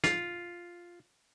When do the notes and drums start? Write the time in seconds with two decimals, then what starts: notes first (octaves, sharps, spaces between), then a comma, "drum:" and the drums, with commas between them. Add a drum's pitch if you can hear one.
0.04 F4, drum: snare